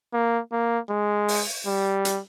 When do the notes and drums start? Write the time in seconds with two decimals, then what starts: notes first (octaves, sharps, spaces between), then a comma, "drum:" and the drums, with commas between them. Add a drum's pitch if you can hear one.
0.14 A#3
0.52 A#3
0.90 G#3
1.28 drum: open hi-hat
1.67 G3
2.05 drum: hi-hat